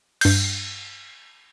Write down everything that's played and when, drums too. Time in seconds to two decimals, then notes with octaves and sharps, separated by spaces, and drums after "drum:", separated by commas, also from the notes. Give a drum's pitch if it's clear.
0.21 G2 G6, drum: cymbal